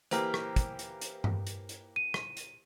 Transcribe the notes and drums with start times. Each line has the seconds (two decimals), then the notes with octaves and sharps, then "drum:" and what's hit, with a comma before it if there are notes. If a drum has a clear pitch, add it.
0.11 E3 A#3 G4 C5 A#5 F6, drum: hi-hat
0.34 drum: rim click
0.56 drum: kick, hi-hat
0.79 drum: hi-hat
1.01 drum: hi-hat
1.24 drum: tom G2
1.47 drum: hi-hat
1.69 drum: hi-hat
1.96 D#7
2.14 drum: rim click
2.37 drum: hi-hat